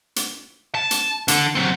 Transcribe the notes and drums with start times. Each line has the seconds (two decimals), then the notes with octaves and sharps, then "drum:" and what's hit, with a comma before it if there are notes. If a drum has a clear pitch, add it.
0.16 drum: hi-hat
0.75 A5
0.91 drum: hi-hat
1.28 D3, drum: hi-hat
1.55 F#3 C4